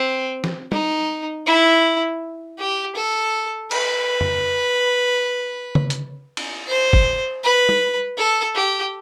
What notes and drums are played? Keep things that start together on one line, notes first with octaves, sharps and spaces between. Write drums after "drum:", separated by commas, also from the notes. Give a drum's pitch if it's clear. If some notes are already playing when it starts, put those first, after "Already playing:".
Already playing: C4
drum: snare
D#4, drum: tom
E4
G4
A4
B4, drum: cymbal
drum: tom
drum: tom C#3
drum: hi-hat
drum: cymbal
C5
drum: kick
B4
drum: tom
A4
G4